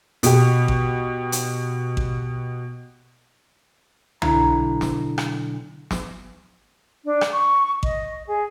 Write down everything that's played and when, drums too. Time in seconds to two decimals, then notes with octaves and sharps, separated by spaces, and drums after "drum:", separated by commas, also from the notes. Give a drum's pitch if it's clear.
0.23 B2 G4, drum: hi-hat
0.68 drum: kick A1
1.32 drum: hi-hat
1.97 drum: kick A1
4.22 B1 D3 E4 A#5, drum: tom
4.81 drum: snare
5.18 drum: rim click
5.91 drum: snare
7.05 D4
7.21 drum: rim click
7.32 C#6
7.83 D#5, drum: kick A1
8.26 G#4